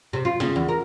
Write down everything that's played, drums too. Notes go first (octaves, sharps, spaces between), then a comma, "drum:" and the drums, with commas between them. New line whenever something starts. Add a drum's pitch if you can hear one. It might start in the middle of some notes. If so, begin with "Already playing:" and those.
C3
F4
C#3, drum: snare
E2
A#4